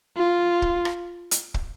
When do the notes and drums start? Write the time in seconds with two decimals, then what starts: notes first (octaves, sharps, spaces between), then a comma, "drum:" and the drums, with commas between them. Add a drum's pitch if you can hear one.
0.17 F4
0.62 drum: kick
0.85 drum: rim click
1.31 drum: hi-hat
1.54 drum: kick